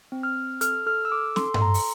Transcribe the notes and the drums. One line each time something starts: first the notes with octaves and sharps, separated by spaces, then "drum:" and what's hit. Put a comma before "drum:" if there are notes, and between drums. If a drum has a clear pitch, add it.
C4
F6
C4
A4 F6, drum: hi-hat
A4 F6
E6
A4 D6
A4 C6, drum: snare
C6, drum: tom G2
A4 A#5
drum: open hi-hat